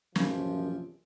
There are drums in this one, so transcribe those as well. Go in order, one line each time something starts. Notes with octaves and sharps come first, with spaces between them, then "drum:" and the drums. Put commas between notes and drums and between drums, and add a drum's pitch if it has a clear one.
A#1 F#2 C3 E3 F3, drum: snare